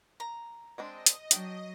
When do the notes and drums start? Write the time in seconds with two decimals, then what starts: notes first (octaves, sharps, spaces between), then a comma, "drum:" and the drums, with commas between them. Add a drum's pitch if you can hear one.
0.20 A#5
0.78 G#3 C4 D4 D#5
1.06 drum: hi-hat
1.31 F#3 D4 G5, drum: hi-hat